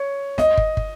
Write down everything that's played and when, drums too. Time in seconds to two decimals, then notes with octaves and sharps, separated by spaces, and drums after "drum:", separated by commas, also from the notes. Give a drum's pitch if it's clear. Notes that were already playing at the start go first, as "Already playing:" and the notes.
Already playing: C#5
0.38 D#5, drum: snare
0.57 drum: kick
0.77 drum: kick